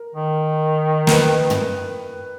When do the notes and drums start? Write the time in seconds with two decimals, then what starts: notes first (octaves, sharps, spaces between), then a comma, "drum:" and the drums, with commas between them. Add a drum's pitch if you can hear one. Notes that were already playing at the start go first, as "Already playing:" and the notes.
Already playing: A#4
0.15 D#3
1.07 A#4, drum: snare
1.12 B4
1.50 drum: tom